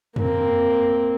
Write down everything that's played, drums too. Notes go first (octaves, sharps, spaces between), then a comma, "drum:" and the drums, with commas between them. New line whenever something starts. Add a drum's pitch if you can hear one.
A#3 C4, drum: tom F2